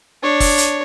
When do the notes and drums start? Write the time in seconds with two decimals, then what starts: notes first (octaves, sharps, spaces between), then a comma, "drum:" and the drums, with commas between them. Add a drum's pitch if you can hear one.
0.23 D4 C#5
0.40 drum: kick, open hi-hat
0.58 drum: hi-hat